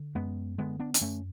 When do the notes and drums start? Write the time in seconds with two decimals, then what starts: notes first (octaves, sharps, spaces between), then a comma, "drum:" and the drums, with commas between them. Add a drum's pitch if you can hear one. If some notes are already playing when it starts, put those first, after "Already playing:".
Already playing: D3
0.15 F#2 G#3 B3
0.58 D3 G#3 B3
0.79 B3 D4
0.94 D4, drum: hi-hat
1.01 F#2 A3 C#4